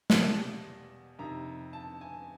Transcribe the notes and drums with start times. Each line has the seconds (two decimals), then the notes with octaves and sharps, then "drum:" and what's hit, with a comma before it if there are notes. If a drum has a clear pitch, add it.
0.10 E2 B2 G3 A#3 A5, drum: snare
1.19 F2 C3 D#3 A#5
1.73 A5
2.01 G#5